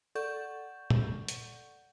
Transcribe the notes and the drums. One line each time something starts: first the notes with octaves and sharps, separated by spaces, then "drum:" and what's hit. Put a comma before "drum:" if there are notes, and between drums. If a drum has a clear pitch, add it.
A4 D5 F#5 C#6 G6
drum: tom
drum: hi-hat